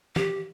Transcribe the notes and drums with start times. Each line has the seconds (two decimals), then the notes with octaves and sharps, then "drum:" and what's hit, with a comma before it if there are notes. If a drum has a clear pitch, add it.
0.16 G4, drum: tom E3